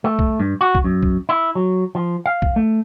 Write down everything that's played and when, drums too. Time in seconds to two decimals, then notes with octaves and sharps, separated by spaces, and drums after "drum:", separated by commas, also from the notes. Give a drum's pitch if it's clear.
0.04 A3
0.19 drum: kick B1
0.40 G2
0.61 F#4
0.75 drum: kick B1
0.84 F#2
1.03 drum: kick B1
1.29 E4
1.55 F#3
1.95 F3
2.26 F5
2.42 drum: kick B1
2.56 A3